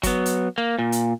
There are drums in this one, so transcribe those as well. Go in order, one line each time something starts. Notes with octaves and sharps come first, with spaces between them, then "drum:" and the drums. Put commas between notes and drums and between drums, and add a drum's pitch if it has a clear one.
F#3 B3, drum: kick, hi-hat
drum: hi-hat
A#3
A#2
drum: hi-hat